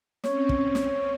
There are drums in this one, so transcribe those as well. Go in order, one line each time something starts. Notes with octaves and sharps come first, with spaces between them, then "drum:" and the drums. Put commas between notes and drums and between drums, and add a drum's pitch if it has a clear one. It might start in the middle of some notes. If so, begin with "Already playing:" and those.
C4 C#4 C#5, drum: snare
drum: kick
drum: snare